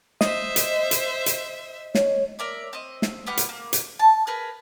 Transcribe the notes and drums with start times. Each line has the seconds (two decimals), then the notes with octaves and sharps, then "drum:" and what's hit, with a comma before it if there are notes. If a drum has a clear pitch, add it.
0.21 C5 D#5 E5, drum: snare
0.56 drum: hi-hat
0.91 drum: hi-hat
1.26 drum: hi-hat
1.95 C#5, drum: snare
2.39 A#4 D5 E5
2.73 C4 D#5
3.02 drum: snare
3.26 B3 G4 F#5 F6
3.37 drum: hi-hat
3.49 A#3
3.73 drum: hi-hat
3.99 A5
4.27 G#4 A#4 B4